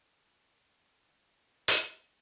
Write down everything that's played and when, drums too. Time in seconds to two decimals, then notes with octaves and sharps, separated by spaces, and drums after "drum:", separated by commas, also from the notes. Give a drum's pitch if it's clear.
0.15 A#3 C#4 E4 G4
0.70 A#3 C#4 E4
1.27 E3 A#3 E4 A4
1.68 drum: hi-hat
1.83 E3 A#3 E4 A#4